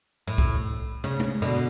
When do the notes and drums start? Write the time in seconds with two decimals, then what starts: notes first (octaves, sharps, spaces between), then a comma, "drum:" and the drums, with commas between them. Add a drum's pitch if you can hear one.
0.27 A2
0.38 drum: kick B1
1.04 C#3, drum: tom
1.20 drum: tom G#3
1.42 B2 D3